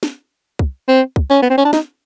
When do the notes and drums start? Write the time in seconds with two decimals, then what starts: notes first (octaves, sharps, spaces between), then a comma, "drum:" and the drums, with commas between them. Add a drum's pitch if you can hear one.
0.03 drum: snare
0.59 drum: kick
0.88 C4
1.16 drum: kick
1.30 C#4
1.42 B3
1.50 C4
1.58 C#4
1.65 D4
1.73 D#4, drum: snare